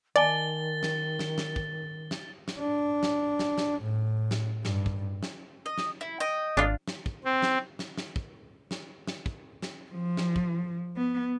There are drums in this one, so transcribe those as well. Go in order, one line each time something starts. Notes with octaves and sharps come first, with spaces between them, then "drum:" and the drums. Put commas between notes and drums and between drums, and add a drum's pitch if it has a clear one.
D#3 D5 D#5 G#5 A5 A6 G7
drum: snare
drum: snare
drum: snare
drum: kick
drum: snare
drum: snare
D4
drum: snare
drum: snare
drum: snare
A2
drum: snare
G2, drum: snare
drum: kick
drum: snare
D#5
drum: snare
E4
D#5 G5
G#1 D4 F4
drum: snare
drum: kick
C4
drum: snare
drum: snare
drum: snare
drum: kick
drum: snare
drum: snare
drum: kick
drum: snare
F3
drum: snare
drum: kick
B3